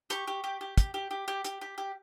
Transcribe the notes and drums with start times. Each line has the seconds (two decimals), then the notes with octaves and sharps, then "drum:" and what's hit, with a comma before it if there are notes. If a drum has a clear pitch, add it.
0.10 G4 C#6, drum: hi-hat
0.28 G4
0.44 G4
0.61 G4
0.78 G4, drum: kick, hi-hat
0.94 G4
1.11 G4
1.28 G4
1.44 G4, drum: hi-hat
1.61 G4
1.78 G4